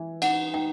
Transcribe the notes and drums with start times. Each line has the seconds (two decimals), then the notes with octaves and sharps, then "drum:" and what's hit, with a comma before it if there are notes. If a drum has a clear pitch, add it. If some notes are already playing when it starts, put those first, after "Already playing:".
Already playing: E3
0.22 D#4 F#5, drum: cymbal
0.54 D#4 G5